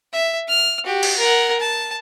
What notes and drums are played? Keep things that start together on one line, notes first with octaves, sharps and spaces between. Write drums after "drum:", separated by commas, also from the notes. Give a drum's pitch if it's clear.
E5
F6
F#4 G4
drum: cymbal
A#4 F#5
A5